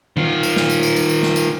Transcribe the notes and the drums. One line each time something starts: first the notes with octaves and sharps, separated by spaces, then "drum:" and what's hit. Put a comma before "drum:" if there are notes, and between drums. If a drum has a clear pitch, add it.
D#3 F4, drum: tom D#3
drum: tambourine
drum: snare
drum: tambourine
drum: tambourine
drum: tambourine
drum: tambourine
drum: snare
drum: tambourine